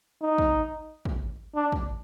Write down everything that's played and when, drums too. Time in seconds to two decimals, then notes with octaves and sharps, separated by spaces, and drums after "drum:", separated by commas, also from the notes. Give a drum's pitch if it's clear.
0.22 D#4
0.38 drum: kick
1.05 drum: kick
1.55 D4
1.72 drum: kick